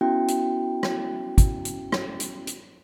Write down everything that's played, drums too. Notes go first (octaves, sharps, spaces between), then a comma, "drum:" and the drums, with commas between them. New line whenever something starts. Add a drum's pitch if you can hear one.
B3 C#4 E4 F#4 G5
drum: hi-hat
drum: rim click
drum: kick, hi-hat
drum: hi-hat
drum: rim click
drum: hi-hat
drum: hi-hat